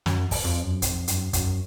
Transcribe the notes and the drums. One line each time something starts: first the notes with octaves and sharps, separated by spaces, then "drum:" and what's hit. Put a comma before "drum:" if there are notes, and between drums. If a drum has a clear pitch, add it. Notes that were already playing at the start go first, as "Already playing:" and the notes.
F#2, drum: snare
drum: kick, open hi-hat
F2
F#2
F2, drum: kick, hi-hat
F#2, drum: hi-hat
F#2, drum: kick, hi-hat